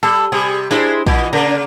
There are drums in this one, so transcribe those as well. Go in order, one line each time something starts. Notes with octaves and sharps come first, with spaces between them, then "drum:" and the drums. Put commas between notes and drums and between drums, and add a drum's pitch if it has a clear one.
G3 A4
C3 G3 G#4
G#3 D4 E4 C5
A#2 E3 D#5, drum: kick A#1
C#3 A#3 D4 A#4